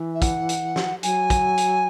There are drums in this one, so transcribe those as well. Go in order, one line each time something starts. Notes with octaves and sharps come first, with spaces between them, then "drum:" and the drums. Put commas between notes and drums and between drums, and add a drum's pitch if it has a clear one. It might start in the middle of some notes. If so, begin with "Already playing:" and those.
Already playing: E3
E5
F#5, drum: kick, hi-hat
drum: hi-hat
drum: snare
F#3 G#5, drum: hi-hat
drum: kick, hi-hat
drum: hi-hat